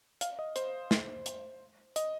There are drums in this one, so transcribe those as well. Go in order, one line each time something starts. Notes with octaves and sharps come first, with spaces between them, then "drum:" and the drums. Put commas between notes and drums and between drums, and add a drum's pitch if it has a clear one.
F5, drum: hi-hat
D#5
C5, drum: hi-hat
drum: snare
drum: hi-hat
D#5, drum: hi-hat